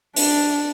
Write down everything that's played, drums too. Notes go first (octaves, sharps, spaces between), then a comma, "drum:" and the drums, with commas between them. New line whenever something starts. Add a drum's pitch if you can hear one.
D4, drum: open hi-hat